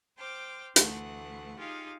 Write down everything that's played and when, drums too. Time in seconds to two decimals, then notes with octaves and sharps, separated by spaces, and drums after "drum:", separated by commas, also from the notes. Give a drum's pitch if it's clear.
0.17 C5 G5 D6 F6
0.76 D2 E3 A3 F#5, drum: hi-hat
1.58 D#4 F4 G4 G#4 F5